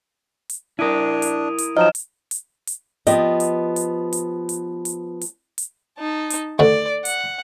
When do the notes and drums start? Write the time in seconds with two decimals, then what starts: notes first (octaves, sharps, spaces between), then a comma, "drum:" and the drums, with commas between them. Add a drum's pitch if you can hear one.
0.49 drum: hi-hat
0.79 D4 E4 A#4 D#6 D7 D#7
1.22 drum: hi-hat
1.58 drum: hi-hat
1.77 F3 F#3 D#4 D#5 F6 E7
1.95 drum: hi-hat
2.31 drum: hi-hat
2.67 drum: hi-hat
3.07 F3 B3 G4 D#5, drum: hi-hat
3.40 drum: hi-hat
3.76 drum: hi-hat
4.13 drum: hi-hat
4.49 drum: hi-hat
4.85 drum: hi-hat
5.21 drum: hi-hat
5.58 drum: hi-hat
5.99 D#4 A5
6.30 drum: hi-hat
6.59 D2 D3 D5
7.05 F#5, drum: hi-hat